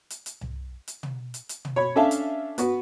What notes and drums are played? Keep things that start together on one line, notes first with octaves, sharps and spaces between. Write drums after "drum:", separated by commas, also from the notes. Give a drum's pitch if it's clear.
drum: hi-hat
drum: hi-hat
drum: tom C2
drum: hi-hat
drum: tom
drum: hi-hat
drum: hi-hat
drum: tom
C#5 B5
C#4 D4 A4 E5 F5 A5
drum: hi-hat
B3 F#4 B4, drum: hi-hat